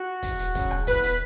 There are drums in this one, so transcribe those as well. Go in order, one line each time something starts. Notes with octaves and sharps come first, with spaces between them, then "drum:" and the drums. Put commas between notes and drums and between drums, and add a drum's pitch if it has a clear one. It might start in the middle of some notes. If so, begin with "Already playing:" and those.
Already playing: F#4
E2, drum: kick, hi-hat
drum: hi-hat
C#3 F#3, drum: kick, hi-hat
drum: rim click
E2 B4, drum: kick, hi-hat
drum: hi-hat